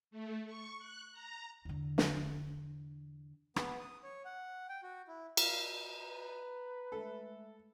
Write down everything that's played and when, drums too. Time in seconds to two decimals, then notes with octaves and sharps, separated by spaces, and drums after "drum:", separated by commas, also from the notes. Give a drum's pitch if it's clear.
0.11 A3
0.46 C#6
0.79 F#6
1.12 A#5
1.65 E2 D3
1.98 drum: snare
3.56 B3, drum: rim click
3.80 D#6
4.03 C#5
4.25 F#5
4.69 G5
4.83 F#4
5.08 E4
5.37 F5, drum: cymbal
5.99 B4 A#5
6.92 G#3 A3 A4 E5